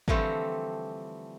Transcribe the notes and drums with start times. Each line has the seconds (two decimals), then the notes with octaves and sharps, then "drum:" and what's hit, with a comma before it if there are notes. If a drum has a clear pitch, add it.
0.08 D3 E3 F3 G3 A3 C4, drum: kick